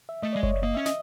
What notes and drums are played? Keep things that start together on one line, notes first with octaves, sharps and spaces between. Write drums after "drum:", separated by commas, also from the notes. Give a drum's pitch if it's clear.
E5
A3 D#5
D5
G#3
C#5, drum: kick F#1
A#3 D#5
C#4 E5
D#5, drum: snare